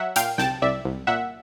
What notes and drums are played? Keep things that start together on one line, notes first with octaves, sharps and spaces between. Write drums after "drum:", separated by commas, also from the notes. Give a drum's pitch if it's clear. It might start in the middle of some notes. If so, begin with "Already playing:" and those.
Already playing: F#3 E5 F#5
A#2 F5 G5, drum: hi-hat
C2 G5 A5, drum: snare
C2 D5 E5
C2
A#2 E5 F#5